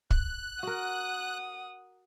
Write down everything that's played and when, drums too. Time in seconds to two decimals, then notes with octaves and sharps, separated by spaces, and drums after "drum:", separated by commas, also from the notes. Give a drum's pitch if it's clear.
0.11 F#6, drum: kick
0.63 F#4 A#4 F#5 D#6